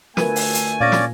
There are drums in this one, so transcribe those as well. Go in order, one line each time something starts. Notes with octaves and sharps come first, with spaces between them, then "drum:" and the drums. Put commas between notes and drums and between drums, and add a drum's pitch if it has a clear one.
D2 A3 F4 A#4 B4 G#5 D#7, drum: snare
drum: open hi-hat
drum: hi-hat
A#2 C#4 D5 F5 G#6 A#6
drum: snare